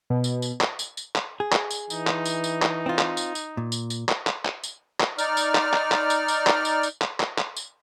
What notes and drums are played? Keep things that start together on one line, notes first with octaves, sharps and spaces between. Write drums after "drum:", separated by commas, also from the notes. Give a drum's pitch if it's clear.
B2
drum: tambourine
drum: tambourine
drum: clap
drum: tambourine
drum: tambourine
drum: clap
G#4
drum: clap
drum: tambourine
E3 D#4, drum: tambourine
drum: clap
drum: tambourine
drum: tambourine
drum: clap
C4 F4
drum: clap
drum: tambourine
drum: tambourine
A#2
drum: tambourine
drum: tambourine
drum: clap
drum: clap
drum: clap
drum: tambourine
drum: clap
D#4 D5 F6, drum: tambourine
drum: tambourine
drum: clap
drum: clap
drum: clap
drum: tambourine
drum: tambourine
drum: clap
drum: tambourine
drum: tambourine
drum: clap
drum: clap
drum: clap
drum: tambourine